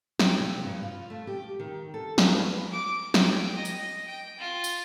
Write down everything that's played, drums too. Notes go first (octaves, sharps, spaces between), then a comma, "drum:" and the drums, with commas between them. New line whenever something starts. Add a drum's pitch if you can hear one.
G5, drum: snare
C3
G2
F4
A3
G4
D#3
A4
F5, drum: snare
B4
D6
G5, drum: snare
D#5
drum: tambourine
G5
F4
drum: tambourine